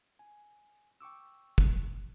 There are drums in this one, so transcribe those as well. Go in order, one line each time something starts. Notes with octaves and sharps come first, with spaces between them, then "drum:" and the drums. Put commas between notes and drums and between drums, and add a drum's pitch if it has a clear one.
G#5
G5 C#6 D6 E6
drum: kick